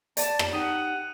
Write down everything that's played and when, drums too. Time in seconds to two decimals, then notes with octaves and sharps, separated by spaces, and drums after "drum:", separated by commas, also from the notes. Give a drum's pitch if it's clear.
0.17 D5 A5, drum: hi-hat
0.39 drum: rim click
0.53 D#4 G4 F#5 D#6 D#7